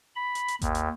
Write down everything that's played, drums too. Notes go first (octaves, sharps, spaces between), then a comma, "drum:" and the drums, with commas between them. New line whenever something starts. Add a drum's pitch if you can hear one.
B5
drum: hi-hat
drum: hi-hat
D#2, drum: kick G#1, hi-hat
drum: hi-hat